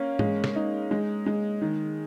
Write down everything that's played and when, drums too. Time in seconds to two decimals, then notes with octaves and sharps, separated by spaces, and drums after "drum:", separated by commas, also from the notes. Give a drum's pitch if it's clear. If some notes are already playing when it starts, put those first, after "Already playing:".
Already playing: A#3 C#4
0.19 G#3, drum: tom G#2
0.44 drum: snare
0.55 D#4
0.91 G#3
1.26 G#3
1.61 D#3